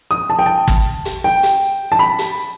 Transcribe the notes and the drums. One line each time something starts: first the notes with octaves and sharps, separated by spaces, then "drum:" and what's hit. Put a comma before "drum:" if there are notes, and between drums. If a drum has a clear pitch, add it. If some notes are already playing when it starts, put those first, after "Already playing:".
D#6
A5
G5
A5
drum: kick
drum: hi-hat
G5
drum: hi-hat
A5
B5
drum: hi-hat